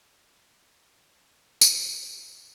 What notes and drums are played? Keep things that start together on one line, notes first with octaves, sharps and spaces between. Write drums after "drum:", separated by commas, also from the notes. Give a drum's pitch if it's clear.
A3
B3 D#4
D4 F5
drum: tambourine
D#5 G#5